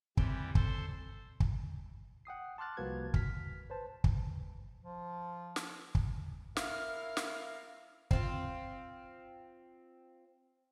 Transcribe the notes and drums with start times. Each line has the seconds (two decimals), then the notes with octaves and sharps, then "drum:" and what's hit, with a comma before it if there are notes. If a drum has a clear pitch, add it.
0.17 E3 G3 C4, drum: kick
0.55 A4 C5 C6, drum: kick
1.40 drum: kick
2.25 F#5 G5 D#6 C7
2.58 A5 C6 D6 F6 F#6 A6
2.77 C2 F3 A#3 F#4 B4 G#6
3.14 F6 B6, drum: kick
3.70 B4 C5 A5
4.04 drum: kick
4.82 F3
5.56 drum: snare
5.95 drum: kick
6.57 E4 A#4 F5, drum: snare
7.17 drum: snare
8.11 C4 F4, drum: kick